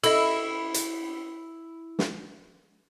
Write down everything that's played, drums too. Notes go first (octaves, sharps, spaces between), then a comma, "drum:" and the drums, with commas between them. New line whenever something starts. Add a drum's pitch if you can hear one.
E4 A4 D#5, drum: cymbal
drum: hi-hat
drum: snare